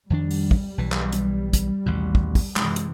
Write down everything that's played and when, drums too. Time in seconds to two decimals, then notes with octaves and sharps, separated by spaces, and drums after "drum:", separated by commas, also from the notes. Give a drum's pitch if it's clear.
0.10 F2 D#3 G3 D4
0.31 drum: open hi-hat
0.51 drum: kick
0.78 B1 E3
0.92 drum: clap
1.12 drum: hi-hat
1.53 drum: kick, hi-hat
1.86 A1 D#2 B2
2.15 drum: kick
2.35 drum: kick, open hi-hat
2.56 F#2 C3 E3 G#3, drum: clap
2.76 drum: hi-hat